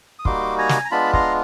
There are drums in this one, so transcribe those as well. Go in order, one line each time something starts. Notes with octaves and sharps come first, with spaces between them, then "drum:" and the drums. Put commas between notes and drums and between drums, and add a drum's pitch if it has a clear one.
D#6
G3 A#3 D#4 F#4 C6 D6, drum: kick
G#5 A#5
drum: snare
A#5
G#3 B3 D4 F4 A5 B5
A#5 C6, drum: kick